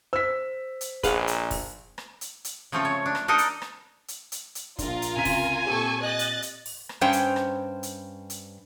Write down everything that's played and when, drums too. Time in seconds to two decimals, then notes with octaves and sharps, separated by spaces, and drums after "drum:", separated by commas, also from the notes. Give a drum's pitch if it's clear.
0.13 C5 E6 B6
0.81 drum: hi-hat
1.03 A#1 G#4 B4 F5 F#5, drum: kick, hi-hat
1.27 drum: hi-hat
1.51 drum: kick, open hi-hat
1.98 drum: rim click
2.21 drum: hi-hat
2.45 drum: hi-hat
2.72 C#3 F3 A3 C4 F4 A4
2.85 C#5
3.06 D4
3.15 drum: rim click
3.28 D4 D#4 A4 A#4 D#5
3.38 drum: hi-hat
3.62 drum: rim click
4.08 drum: hi-hat
4.32 drum: hi-hat
4.55 drum: hi-hat
4.79 A#1 D4 F4 A#4, drum: kick, hi-hat
5.02 drum: hi-hat
5.16 C#2 C3 G#5 B6
5.25 drum: kick, open hi-hat
5.67 A#2 C4 G4 A4 C#6
6.01 D#5 F#6 A6
6.19 drum: hi-hat
6.42 drum: hi-hat
6.66 drum: open hi-hat
6.89 drum: rim click
7.01 G2 C#4 C5 G5
7.13 drum: hi-hat
7.36 drum: rim click
7.83 drum: hi-hat
8.30 drum: hi-hat